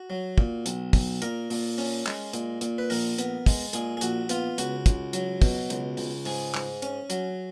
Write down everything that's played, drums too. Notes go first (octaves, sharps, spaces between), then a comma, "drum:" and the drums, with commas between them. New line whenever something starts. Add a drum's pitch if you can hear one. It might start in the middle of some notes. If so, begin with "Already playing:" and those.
Already playing: F#4
F#3
A#2, drum: kick
B1, drum: hi-hat
B1, drum: kick, open hi-hat
A#2 A#4, drum: hi-hat
A#2, drum: open hi-hat
C#4, drum: open hi-hat
G#3, drum: clap
A#2, drum: hi-hat
A#2, drum: hi-hat
B4
A#1 A#4, drum: open hi-hat
B3, drum: hi-hat
G#3, drum: kick, open hi-hat
A#2 G#4, drum: hi-hat
G#4
A#1 F#4, drum: hi-hat
B3 F4, drum: hi-hat
C#2 F#4, drum: hi-hat
C#2, drum: kick, hi-hat
F#3, drum: hi-hat
B2, drum: kick, open hi-hat
C#2, drum: hi-hat
C#2, drum: open hi-hat
G#2 G#4, drum: open hi-hat
G#2, drum: clap
C#4, drum: hi-hat
F#3, drum: hi-hat